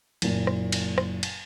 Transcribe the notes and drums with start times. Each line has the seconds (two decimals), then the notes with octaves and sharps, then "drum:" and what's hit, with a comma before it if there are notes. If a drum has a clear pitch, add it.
0.22 F#1 A#2, drum: cymbal
0.47 drum: rim click
0.72 drum: cymbal
0.98 drum: rim click
1.23 drum: cymbal